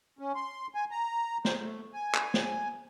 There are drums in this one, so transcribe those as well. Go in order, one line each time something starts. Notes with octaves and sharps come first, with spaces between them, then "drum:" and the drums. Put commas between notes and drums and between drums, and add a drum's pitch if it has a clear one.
C#4
C6
G#5
A#5
C5, drum: snare
A3
G#5
drum: clap
drum: snare